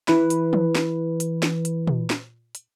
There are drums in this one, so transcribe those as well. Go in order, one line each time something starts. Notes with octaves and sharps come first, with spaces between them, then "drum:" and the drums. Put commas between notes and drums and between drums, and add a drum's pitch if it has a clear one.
E3 B4, drum: snare
drum: hi-hat
drum: tom E3
drum: snare
drum: hi-hat
drum: snare
drum: hi-hat
drum: tom A#2
drum: snare
drum: hi-hat